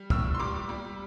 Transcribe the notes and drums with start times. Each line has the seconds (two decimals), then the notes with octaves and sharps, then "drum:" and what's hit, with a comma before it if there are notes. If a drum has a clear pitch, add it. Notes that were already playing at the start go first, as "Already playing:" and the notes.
Already playing: G3
0.10 A2 E6, drum: kick
0.35 C6
0.40 G3 D6
0.69 G3